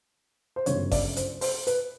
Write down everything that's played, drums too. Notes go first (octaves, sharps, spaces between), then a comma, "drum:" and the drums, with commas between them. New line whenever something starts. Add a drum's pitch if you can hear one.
C5
G1 F#2 C#3 C#5, drum: hi-hat
D5, drum: kick G#1, open hi-hat
C5, drum: hi-hat
C5, drum: open hi-hat
B4, drum: hi-hat